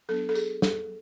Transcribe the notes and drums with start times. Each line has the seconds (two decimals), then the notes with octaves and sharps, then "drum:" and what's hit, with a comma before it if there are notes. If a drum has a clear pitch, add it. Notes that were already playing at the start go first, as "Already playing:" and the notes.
0.09 F#3 B3 D4 A4
0.29 A4
0.35 G#4, drum: tambourine
0.62 A4, drum: snare